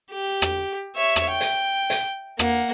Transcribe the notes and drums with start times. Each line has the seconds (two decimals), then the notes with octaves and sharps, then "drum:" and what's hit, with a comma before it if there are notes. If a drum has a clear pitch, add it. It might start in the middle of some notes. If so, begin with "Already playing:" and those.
0.11 G4
0.42 drum: rim click
0.95 C#5 E5
1.16 drum: rim click
1.30 G5
1.41 drum: hi-hat
1.90 drum: hi-hat
2.39 A#3 F#5, drum: rim click